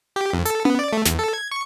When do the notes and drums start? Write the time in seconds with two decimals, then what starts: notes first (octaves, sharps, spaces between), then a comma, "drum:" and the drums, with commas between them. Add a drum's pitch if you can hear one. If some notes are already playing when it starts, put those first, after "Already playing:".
0.16 G4
0.33 F2
0.45 A4, drum: hi-hat
0.65 B3, drum: tom C#4
0.79 D5
0.93 A3
1.05 E2, drum: snare
1.19 A4
1.34 G#6
1.52 C#6